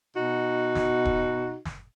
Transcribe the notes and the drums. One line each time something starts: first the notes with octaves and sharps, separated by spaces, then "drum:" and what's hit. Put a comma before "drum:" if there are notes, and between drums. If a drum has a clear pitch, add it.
B2 D#4 F#4
drum: snare
drum: kick D#1
drum: snare